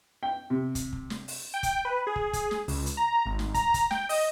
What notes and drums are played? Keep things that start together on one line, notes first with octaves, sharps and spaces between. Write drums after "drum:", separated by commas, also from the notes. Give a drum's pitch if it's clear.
G5
C3
drum: kick, hi-hat
drum: kick
drum: snare
drum: open hi-hat
G5
drum: kick, hi-hat
B4
G#4
drum: kick
drum: kick, hi-hat
drum: snare
C#2, drum: open hi-hat
drum: hi-hat
A#5
G#1
drum: snare
A#5, drum: kick, hi-hat
drum: kick, hi-hat
G5, drum: snare
D#5, drum: open hi-hat